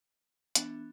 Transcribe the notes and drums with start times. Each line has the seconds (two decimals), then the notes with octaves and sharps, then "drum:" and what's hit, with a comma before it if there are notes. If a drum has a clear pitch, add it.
0.55 E3 B3 D4, drum: hi-hat